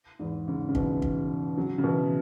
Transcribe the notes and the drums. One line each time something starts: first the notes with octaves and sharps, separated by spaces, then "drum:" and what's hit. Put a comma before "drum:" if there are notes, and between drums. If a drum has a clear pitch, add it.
E2 G#2
G#2 C#3
C#3
B2 E3, drum: kick
drum: kick
C#3 F#3
C#3
B2 E3